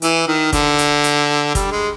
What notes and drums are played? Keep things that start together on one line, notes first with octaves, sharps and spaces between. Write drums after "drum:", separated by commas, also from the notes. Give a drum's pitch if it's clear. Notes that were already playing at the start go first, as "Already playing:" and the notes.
E3, drum: hi-hat
D#3
D3, drum: kick, hi-hat
drum: hi-hat
drum: hi-hat
G3, drum: kick, hi-hat
G#3